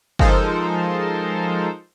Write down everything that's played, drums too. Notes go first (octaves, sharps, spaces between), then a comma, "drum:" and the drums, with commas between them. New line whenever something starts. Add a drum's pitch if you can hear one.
F3 G#3 D#4 A4 A#4 C5, drum: kick